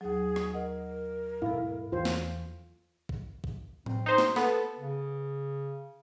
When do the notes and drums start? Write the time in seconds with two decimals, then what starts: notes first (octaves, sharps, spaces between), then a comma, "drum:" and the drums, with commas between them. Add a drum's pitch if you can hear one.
0.01 D#2 F#3 G#4
0.36 drum: rim click
0.54 A#4 D#5 F#5
1.42 G#2 B2 E4 A4 F5
1.92 E2 F4 C5
2.05 drum: snare
3.09 drum: kick
3.44 drum: kick
3.86 C4, drum: tom A2
4.06 D#4 C5
4.18 drum: snare
4.36 B3 A4, drum: snare
4.79 C#3